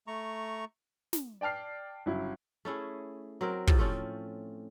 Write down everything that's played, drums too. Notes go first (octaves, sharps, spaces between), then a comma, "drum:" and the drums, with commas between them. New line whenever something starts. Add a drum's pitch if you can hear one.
A3 A#5 C#6
drum: snare
D5 G5 A5 F6 C7
G1 C#3 F#3 E4
A3 C#4 E4 G#4
F#3 C4 A#4
A2 C3 F3, drum: kick
A3 C4 C#4